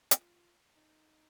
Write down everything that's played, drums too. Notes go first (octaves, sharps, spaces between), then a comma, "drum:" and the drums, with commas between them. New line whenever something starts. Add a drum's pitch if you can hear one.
F4, drum: hi-hat
D#4